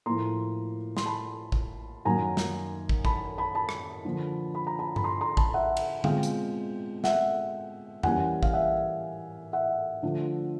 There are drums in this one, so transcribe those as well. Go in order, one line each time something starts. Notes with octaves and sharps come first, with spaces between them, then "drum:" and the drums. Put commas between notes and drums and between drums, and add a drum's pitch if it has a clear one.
A2 F3 A#3 A#5 C6
C6, drum: snare
A5 B5
drum: kick
F#2 D#3 F#3 A#3 D#4 G#5 A#5
drum: snare
drum: kick
A5 B5, drum: kick
A5 B5
A5 B5
drum: rim click
D3 F3 A#3
B5
A#5
A5 B5
B5, drum: tom G2
A#5 C6
A#5 C6
A5 B5, drum: kick
E5 F#5
drum: cymbal
B2 G#3 C4 F4 F5 G5, drum: tom D3
drum: hi-hat
E5 F#5, drum: snare
E3 G3 A#3 C#4 F#5 G#5, drum: tom F2
F5, drum: kick
E5 F#5
E5 F#5
D3 F3 A3 D4 F4